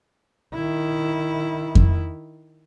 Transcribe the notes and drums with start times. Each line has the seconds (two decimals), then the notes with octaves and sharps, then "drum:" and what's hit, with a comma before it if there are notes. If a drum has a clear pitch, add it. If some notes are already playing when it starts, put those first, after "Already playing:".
0.54 D#3 E4
1.75 drum: kick F2